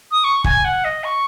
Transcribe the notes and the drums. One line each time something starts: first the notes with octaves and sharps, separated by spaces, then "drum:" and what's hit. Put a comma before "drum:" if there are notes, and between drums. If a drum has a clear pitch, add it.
D#6
C#6
G#5, drum: kick
F#5
D#5
C#6